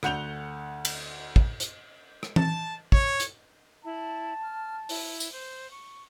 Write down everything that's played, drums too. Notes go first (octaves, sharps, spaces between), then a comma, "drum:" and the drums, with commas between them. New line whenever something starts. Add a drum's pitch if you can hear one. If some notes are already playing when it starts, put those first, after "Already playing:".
D2 F#5 G6 F7 G7, drum: rim click
drum: cymbal
drum: kick
drum: hi-hat
drum: rim click
A5, drum: tom E3
C#5, drum: kick
drum: hi-hat
E4 A5
F6
E4, drum: open hi-hat
drum: tambourine
C5
C#6